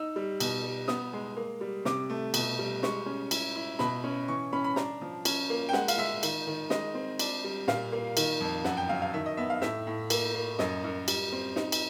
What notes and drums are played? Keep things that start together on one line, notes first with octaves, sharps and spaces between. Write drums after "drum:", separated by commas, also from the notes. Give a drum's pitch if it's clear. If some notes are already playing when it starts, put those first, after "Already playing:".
Already playing: D#4 E6
G3
B2, drum: cymbal
G3
B3 D#6, drum: snare
G#3
A#3
G3
C3 D6, drum: snare
A3
B2, drum: cymbal
G3
G#3 C#6, drum: snare
C#4
E4, drum: cymbal
E4
B2 B5, drum: snare
C#4
E3 C#6
C#4 B5
B5
D4 A#5, drum: snare
F3
C#4, drum: cymbal
A#3
G5
G#3 F#5, drum: snare
F5, drum: cymbal
G#3 E5
D#3, drum: cymbal
D#3
G#3 D#5, drum: snare
C4
D4, drum: cymbal
G3
A#2 F5, drum: snare
A#3
D#3, drum: cymbal
F2
F#2 F#5, drum: snare
G5
F#3 F5
F5
D#3 E5
D#5
B3 E5
F5
A2 E5, drum: snare
A2
A#3, drum: cymbal
A#3
F#2 D#5, drum: snare
F#2
G3, drum: cymbal
C4
D#4, drum: snare
drum: cymbal